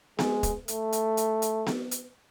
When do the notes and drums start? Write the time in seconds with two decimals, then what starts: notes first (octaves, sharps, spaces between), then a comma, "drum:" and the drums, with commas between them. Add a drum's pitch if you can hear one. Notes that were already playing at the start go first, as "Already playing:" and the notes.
0.19 G#3, drum: snare B3
0.43 drum: kick, hi-hat
0.68 A3, drum: hi-hat
0.92 drum: hi-hat
1.17 drum: hi-hat
1.42 drum: hi-hat
1.67 drum: snare B3
1.91 drum: hi-hat